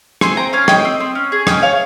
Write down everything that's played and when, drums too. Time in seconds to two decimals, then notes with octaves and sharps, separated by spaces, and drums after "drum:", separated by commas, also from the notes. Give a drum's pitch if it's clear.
0.21 C4 G#5 C6, drum: rim click
0.37 C4 G5 A#5
0.53 C#4 F5 G#5
0.68 C#4 D#5 G5, drum: rim click
0.85 C4
1.00 C4
1.15 C#4
1.32 G#4
1.47 C#4 D#5 G5, drum: rim click
1.62 C#4 C#5 F5